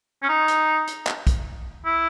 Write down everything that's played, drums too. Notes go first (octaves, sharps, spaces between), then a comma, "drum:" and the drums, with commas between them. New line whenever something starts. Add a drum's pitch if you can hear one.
C#4
D#4
drum: hi-hat
drum: hi-hat
drum: clap
drum: kick, hi-hat
E4